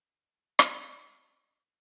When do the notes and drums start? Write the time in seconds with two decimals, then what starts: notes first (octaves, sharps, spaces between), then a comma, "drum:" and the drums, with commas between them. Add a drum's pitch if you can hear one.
0.20 C2 D4
0.59 drum: rim click